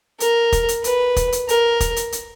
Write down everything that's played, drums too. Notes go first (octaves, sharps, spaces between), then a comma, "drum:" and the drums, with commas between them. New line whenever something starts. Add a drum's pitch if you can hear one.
A#4, drum: hi-hat
drum: kick, hi-hat
drum: hi-hat
B4, drum: hi-hat
drum: kick, hi-hat
drum: hi-hat
A#4, drum: hi-hat
drum: kick, hi-hat
drum: hi-hat
drum: hi-hat